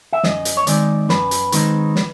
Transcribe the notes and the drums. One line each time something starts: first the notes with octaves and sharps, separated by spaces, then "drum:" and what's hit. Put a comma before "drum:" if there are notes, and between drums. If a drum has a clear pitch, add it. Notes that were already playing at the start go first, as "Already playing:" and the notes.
E5
F#2 D#5, drum: snare
drum: hi-hat
C#5
D#3 G#3 C4 D#4 D5, drum: hi-hat
F#2 B4, drum: snare
drum: hi-hat
D#3 G#3 C4 D#4, drum: hi-hat
drum: snare